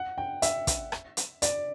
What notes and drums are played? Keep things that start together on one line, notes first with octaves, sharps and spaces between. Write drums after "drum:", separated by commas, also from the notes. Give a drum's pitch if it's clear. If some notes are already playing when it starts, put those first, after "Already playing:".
Already playing: F#5
G5
E5, drum: hi-hat
drum: kick, hi-hat
drum: rim click
drum: hi-hat
D5, drum: hi-hat